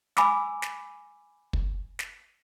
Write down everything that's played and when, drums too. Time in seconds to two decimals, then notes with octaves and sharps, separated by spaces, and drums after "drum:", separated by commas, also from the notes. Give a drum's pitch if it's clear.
0.17 G#5 B5 D6 E6, drum: snare
0.62 drum: snare
1.53 drum: kick
1.99 drum: snare